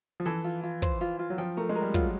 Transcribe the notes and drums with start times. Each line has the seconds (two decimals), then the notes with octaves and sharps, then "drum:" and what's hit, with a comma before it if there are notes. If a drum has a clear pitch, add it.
0.20 F3
0.25 E3 A4
0.44 F4
0.63 F4
0.82 C5, drum: kick
1.01 F4
1.19 F4
1.30 F#3
1.38 F3 G5
1.57 A3 A#4
1.69 G#3
1.75 A#4
1.82 G3
1.94 F#3 F4, drum: kick